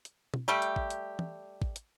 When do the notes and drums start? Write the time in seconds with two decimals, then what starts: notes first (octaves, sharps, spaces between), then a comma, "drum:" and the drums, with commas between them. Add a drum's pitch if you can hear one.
0.05 drum: hi-hat
0.34 drum: tom
0.48 G3 A3 G4
0.62 drum: hi-hat
0.76 drum: kick
0.90 drum: hi-hat
1.19 drum: tom
1.62 drum: kick
1.76 drum: hi-hat